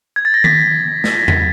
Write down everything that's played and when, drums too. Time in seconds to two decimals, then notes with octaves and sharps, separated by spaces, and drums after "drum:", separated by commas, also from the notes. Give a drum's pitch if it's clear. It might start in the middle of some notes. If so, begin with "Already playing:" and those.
0.16 G#6
0.25 A6
0.34 A#6
0.44 B6, drum: tom D#3
1.04 drum: snare
1.16 A#6
1.28 B6, drum: tom E2